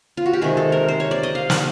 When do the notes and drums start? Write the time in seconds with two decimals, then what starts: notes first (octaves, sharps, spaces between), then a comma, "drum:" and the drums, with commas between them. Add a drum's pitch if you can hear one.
0.17 F4
0.26 F#4
0.33 G4
0.41 C3 D#3 G#3 G#4
0.57 A4
0.72 A#4
0.88 C5
1.00 C#5
1.11 D5
1.23 D#5
1.35 F5
1.50 F#5, drum: snare